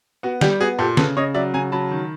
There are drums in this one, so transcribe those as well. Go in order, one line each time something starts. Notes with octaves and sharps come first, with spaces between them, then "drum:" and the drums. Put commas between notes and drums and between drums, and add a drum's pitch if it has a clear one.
B3 F#4
G3 G4, drum: snare
B3 F#4 G#4
A#2 G4 A4
C#3 A4 B4, drum: snare
C#3 C#5 D#5
F#3 D5 E5
C#3 G#5 A#5
F#3 A5 B5
D#3